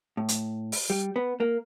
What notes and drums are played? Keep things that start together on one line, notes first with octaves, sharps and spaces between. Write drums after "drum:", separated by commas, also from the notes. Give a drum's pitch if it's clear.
A2
drum: hi-hat
drum: open hi-hat
G3
B3
A#3